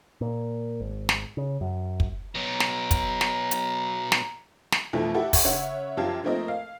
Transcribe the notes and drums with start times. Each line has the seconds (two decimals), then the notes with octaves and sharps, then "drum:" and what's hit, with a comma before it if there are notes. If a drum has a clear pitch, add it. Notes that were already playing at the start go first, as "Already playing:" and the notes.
0.21 A#2
0.80 G#1
1.09 drum: snare
1.37 C#3
1.61 F#2
2.00 drum: kick
2.35 B2 F#3 A#5
2.60 drum: snare
2.91 drum: kick, hi-hat
3.21 drum: snare
3.51 drum: hi-hat
4.12 drum: snare
4.72 drum: snare
4.93 F2 B2 E3 F3 A3
5.14 E4 F#4 G4 A4
5.33 drum: kick, open hi-hat
5.45 C#3 C#5 E5 F#5
5.97 F#2 F3 G4 F5 A5 G#6
6.24 F3 A3 A#3 C4 A#4 D#5
6.48 F5